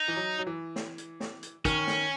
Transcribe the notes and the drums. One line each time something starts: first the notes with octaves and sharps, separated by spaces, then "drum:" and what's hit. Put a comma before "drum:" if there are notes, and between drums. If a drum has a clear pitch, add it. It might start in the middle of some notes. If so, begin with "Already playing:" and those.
Already playing: D#4
E3
F#3
F#3
E3
drum: snare
drum: hi-hat
drum: snare
drum: hi-hat
D#3 C#4, drum: kick, hi-hat
drum: snare